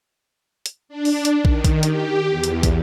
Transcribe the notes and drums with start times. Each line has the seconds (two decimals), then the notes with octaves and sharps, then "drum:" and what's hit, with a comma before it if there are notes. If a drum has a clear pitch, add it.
0.66 drum: hi-hat
0.89 D4
1.05 drum: open hi-hat
1.25 drum: hi-hat
1.45 D#3, drum: kick
1.64 drum: kick, hi-hat
1.83 G4, drum: hi-hat
2.28 E2
2.44 drum: hi-hat
2.63 drum: kick, hi-hat